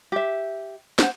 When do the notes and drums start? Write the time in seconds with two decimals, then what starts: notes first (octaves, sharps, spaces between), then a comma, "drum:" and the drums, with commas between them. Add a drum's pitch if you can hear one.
0.12 G4 E5
0.99 C5 F#5, drum: snare